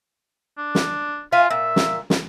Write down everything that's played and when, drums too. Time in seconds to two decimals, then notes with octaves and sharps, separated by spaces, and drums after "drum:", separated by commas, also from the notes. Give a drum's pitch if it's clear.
0.58 D4
0.75 drum: snare
1.32 F4 E5 F5 G#5
1.51 A#2 E5
1.76 drum: snare
2.10 drum: snare